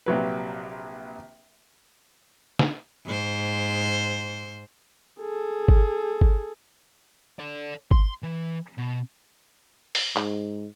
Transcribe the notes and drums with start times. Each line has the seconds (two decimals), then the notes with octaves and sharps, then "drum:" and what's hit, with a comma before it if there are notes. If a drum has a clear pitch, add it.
0.06 A#1 C3 F#3 B4
2.59 drum: snare
3.06 G#2 C5
5.20 G#4 A4
5.68 drum: kick G1
6.21 drum: kick G1
7.39 A4 D5
7.91 C6, drum: kick G1
8.23 E3
8.78 B2
9.95 drum: open hi-hat
10.16 G#2, drum: clap